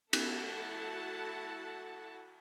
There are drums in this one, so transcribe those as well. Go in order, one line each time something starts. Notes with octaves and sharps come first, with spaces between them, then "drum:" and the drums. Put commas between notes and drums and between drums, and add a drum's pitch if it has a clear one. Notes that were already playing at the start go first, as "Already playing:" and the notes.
E4 F#4 A4 F#5 A5, drum: cymbal